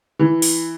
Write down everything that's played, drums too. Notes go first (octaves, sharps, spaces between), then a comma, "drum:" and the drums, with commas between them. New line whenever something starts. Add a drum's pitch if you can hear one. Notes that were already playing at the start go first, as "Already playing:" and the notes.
E3
drum: open hi-hat